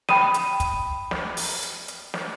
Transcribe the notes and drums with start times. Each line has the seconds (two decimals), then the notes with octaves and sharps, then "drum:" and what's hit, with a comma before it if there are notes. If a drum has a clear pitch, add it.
0.09 G5 B5 D#6 D#7, drum: snare
0.34 drum: hi-hat
0.60 drum: kick, hi-hat
1.11 drum: snare
1.37 drum: open hi-hat
1.62 drum: hi-hat
1.88 drum: hi-hat
2.14 drum: snare